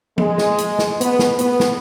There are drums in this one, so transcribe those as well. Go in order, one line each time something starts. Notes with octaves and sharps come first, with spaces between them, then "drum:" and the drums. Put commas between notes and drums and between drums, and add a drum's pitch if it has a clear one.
G#3, drum: tom F3
drum: snare
drum: hi-hat
drum: snare
B3, drum: hi-hat
drum: snare
B3, drum: hi-hat
drum: snare